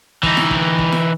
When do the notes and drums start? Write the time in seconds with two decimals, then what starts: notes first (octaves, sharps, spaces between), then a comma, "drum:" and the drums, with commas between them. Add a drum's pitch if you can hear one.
0.23 E3 D#4, drum: kick
0.37 drum: snare
0.51 drum: kick
0.79 drum: kick
0.92 drum: snare